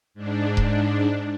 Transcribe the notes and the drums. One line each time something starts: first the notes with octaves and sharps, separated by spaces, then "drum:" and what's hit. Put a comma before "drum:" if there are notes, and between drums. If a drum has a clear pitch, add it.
G#2 D4
drum: kick D#1